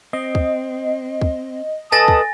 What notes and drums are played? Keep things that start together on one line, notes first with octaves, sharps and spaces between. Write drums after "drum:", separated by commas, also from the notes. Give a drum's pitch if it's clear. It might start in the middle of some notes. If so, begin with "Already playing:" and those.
C4 D#5
drum: kick
drum: kick
A4 B4 D#5 G#5 A5 D#6 A6 A#6
drum: kick